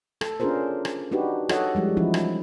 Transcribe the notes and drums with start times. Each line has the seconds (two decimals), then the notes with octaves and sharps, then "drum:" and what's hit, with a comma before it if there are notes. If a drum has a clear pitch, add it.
0.21 A4, drum: rim click
0.40 C#4 D4 F4 G#4 A#4 C5
0.85 drum: rim click
1.12 D4 D#4 F#4 G4 B4
1.49 F#4 A4 C#5 D#5 F#5, drum: rim click
1.75 F3 G3 G#3 G4
1.97 E3 F3 G3 C#4 D#4 E4
2.14 drum: rim click